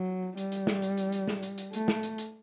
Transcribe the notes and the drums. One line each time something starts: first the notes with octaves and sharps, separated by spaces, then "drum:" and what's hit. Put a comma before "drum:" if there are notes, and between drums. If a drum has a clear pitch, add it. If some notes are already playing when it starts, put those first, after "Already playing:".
Already playing: F#3
G3, drum: hi-hat
drum: hi-hat
drum: snare
drum: hi-hat
drum: hi-hat
drum: hi-hat
drum: snare
drum: hi-hat
drum: hi-hat
A3, drum: hi-hat
drum: snare
drum: hi-hat
drum: hi-hat